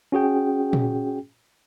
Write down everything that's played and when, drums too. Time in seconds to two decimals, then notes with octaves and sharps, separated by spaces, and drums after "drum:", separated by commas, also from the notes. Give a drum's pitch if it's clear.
0.12 C#4 F#4 G#4 G5
0.73 drum: tom A#2